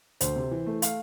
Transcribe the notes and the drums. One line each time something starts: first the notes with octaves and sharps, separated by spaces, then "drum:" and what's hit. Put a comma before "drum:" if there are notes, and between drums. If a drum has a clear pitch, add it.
D2 C5, drum: hi-hat
C3
E3
A3
F5, drum: hi-hat